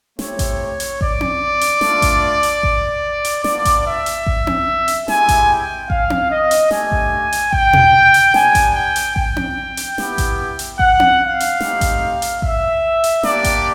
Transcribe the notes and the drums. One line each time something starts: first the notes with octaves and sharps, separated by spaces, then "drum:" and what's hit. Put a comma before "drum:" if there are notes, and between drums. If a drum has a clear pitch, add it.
A3 C4 E4 G4 C#5, drum: snare
drum: kick A1, hi-hat
drum: hi-hat
D5, drum: kick A1
drum: tom C4
drum: hi-hat
A3 D4 F4, drum: snare
drum: kick A1, hi-hat
drum: hi-hat
drum: kick A1
drum: hi-hat
B3 D4 F4 D5, drum: snare
drum: kick A1, hi-hat
E5
drum: hi-hat
drum: kick A1
drum: tom C4
drum: hi-hat
G#3 C4 E4 G4 G#5, drum: snare
drum: kick A1, hi-hat
G5
F5, drum: kick A1
drum: tom C4
D#5
drum: hi-hat
A3 D4 G4 G#5, drum: snare
drum: kick A1
drum: hi-hat
G5, drum: kick A1
drum: tom
drum: hi-hat
B3 D4 G4 G#5, drum: snare
drum: kick A1, hi-hat
G5
drum: hi-hat
G5, drum: kick A1
drum: tom C4
drum: hi-hat
B3 E4 G4, drum: snare
drum: kick A1, hi-hat
drum: hi-hat
F#5, drum: kick A1
drum: tom C4
F5
drum: hi-hat
A3 C4 D#4 G4, drum: snare
drum: kick A1, hi-hat
drum: hi-hat
E5, drum: kick A1
drum: hi-hat
A#3 D4 G4 D5, drum: snare
drum: kick A1, hi-hat